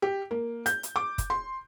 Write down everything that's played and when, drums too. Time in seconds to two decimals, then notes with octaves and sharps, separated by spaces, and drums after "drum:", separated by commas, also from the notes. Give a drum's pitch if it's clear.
0.02 G4
0.31 A#3
0.66 G6, drum: hi-hat
0.83 drum: hi-hat
0.96 D6
1.18 drum: kick, hi-hat
1.30 C6